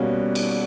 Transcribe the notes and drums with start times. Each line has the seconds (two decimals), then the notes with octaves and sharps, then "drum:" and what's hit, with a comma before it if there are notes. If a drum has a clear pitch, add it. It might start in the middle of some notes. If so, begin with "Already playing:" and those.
Already playing: B2 G3 A#3 C#4 F#4
0.35 drum: cymbal